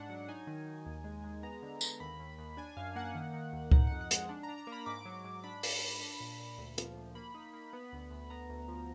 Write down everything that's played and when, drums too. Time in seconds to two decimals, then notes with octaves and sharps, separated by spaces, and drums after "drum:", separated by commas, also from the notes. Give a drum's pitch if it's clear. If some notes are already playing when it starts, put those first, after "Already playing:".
Already playing: G#2 D4 F#5
0.10 F#3
0.28 D#4 G#5
0.47 D#3
0.67 D#4
0.86 D#2
1.04 G#3
1.24 G#3
1.43 B3 A#5
1.62 D3
1.81 D3, drum: tambourine
2.00 D#2 B5
2.19 D#2
2.38 D#2
2.57 D4 G#5
2.77 F#2 F5
2.96 A#3 F#5
3.15 D#3
3.33 D#3
3.53 D#2
3.72 D#4 F#5, drum: kick C#2
3.87 F2 F#5
4.01 F#5
4.11 G#3 F#5, drum: hi-hat
4.29 D4
4.43 A#5
4.48 D4
4.58 A#5
4.67 A#3
4.72 B5
4.86 G#2 D6
5.06 F#3
5.24 G#2
5.44 D4 B5
5.63 D4, drum: open hi-hat
5.82 D4
6.01 D4
6.20 A#2
6.40 A#2
6.58 D2
6.78 F3, drum: hi-hat
6.97 D2
7.15 A#3 B5
7.34 D#4
7.53 A#3
7.73 B3
7.93 D2
8.11 D2
8.30 B3 A#5
8.50 D2
8.68 F3